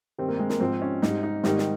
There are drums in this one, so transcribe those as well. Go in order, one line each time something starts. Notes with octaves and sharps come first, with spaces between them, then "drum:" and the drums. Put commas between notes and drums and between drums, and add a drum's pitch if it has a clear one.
G2 D#3 G3 C4
A#3
G#3
A#3, drum: snare
G#2 F3 C4
C#4
G#2 G3 D#4, drum: snare
D#4
G#2 D#3 G3 D#4, drum: snare
drum: snare